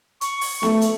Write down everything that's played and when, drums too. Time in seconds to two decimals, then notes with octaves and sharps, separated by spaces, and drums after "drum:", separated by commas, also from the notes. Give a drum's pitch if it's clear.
0.21 C#6, drum: hi-hat
0.41 drum: open hi-hat
0.63 A3, drum: snare B3
0.81 drum: hi-hat